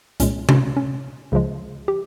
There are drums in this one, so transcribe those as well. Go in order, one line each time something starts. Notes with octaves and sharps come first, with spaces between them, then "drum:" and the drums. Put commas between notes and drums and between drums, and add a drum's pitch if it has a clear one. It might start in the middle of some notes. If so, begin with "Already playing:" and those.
C2 A#2 G#3 C#4, drum: hi-hat
C#4, drum: tom C3
C#4
C#2 C#3 F3 G#3
G4